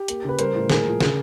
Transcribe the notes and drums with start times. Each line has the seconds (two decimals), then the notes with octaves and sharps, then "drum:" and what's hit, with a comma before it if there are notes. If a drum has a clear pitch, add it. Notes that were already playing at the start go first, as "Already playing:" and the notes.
Already playing: G4
0.08 A#3, drum: hi-hat
0.24 C#3 B4
0.39 G3 A#4 C5, drum: hi-hat
0.55 A2
0.70 A#2 G#4 A#4, drum: snare
0.85 F3
1.00 C#3 G#4 A#4, drum: snare